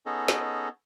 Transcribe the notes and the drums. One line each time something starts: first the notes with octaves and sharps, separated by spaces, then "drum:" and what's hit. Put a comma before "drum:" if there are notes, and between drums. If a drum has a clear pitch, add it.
B3 C#4 D#4 G#4 A4 D#5
drum: snare